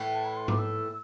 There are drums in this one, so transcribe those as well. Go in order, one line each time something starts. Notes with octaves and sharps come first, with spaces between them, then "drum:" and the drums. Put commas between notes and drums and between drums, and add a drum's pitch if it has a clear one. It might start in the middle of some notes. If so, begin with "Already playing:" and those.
Already playing: A2 E3 A3
A5
B5
C6
D6, drum: tom G#2
E6